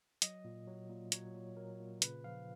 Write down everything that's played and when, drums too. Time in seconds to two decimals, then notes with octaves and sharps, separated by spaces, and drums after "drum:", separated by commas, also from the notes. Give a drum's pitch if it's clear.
0.22 F#3 D#5, drum: hi-hat
0.44 A#2
0.67 F#3
0.89 A#2
1.12 F#3 C#5, drum: hi-hat
1.34 A#2
1.57 F#3 A#4
1.80 A#2
2.02 C#3 B4, drum: hi-hat
2.24 F3 F5